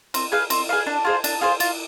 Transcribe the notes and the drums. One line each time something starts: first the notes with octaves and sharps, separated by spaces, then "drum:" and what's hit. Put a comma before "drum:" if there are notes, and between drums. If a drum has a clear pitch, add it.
C4, drum: cymbal
G#4 B4 F5
C4, drum: cymbal
G#4 B4 F5
D4
F4 G#4 C5
D4, drum: cymbal
F4 G#4 C5
F4, drum: cymbal